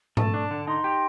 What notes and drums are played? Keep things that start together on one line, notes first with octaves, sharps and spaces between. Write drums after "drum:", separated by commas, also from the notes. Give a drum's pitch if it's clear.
A3 A5, drum: tom G#2
D4
D3
D#4 C6
G4